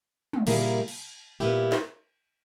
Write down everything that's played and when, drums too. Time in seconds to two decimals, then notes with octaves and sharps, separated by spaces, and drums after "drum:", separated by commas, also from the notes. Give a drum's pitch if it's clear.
0.33 drum: tom
0.47 A#2 G3 A#3 E4 G#4, drum: cymbal
0.88 drum: cymbal
1.40 A#2 G3 B3 E4 G4
1.72 drum: snare